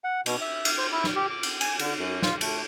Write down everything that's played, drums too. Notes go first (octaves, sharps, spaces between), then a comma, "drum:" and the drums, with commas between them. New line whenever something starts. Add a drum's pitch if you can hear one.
F#5
B2, drum: cymbal
E5
drum: cymbal
C5
E4
drum: snare
G4
D6
drum: cymbal
G#5, drum: cymbal
D3, drum: cymbal
F#2
F4, drum: snare
A3, drum: cymbal